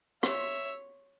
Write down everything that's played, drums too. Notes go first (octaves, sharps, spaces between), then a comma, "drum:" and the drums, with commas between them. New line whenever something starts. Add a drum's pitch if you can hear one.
C#5 E5, drum: rim click